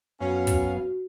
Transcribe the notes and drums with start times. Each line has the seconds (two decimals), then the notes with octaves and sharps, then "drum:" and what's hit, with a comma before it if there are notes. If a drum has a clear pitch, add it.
0.20 F#2 B3 C#4 F#4 F5
0.47 drum: kick, hi-hat